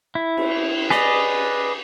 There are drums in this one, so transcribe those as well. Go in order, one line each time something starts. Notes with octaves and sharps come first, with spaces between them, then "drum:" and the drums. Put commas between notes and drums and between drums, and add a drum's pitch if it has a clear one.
E4
drum: cymbal
G#4 B4 D5 D#5, drum: snare